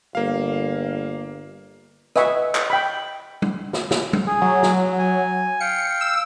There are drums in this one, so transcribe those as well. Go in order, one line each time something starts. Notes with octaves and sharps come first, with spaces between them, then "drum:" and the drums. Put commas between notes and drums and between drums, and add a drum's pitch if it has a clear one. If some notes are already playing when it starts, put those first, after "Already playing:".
G1 A#3 F5
B4 D#5 E5 F#5 G#5 C#6, drum: rim click
drum: clap
G5 B5
drum: tom G3
drum: snare
drum: snare
drum: tom G3
G#4
F#3
drum: snare
G#5
F5 G5 C#7
E6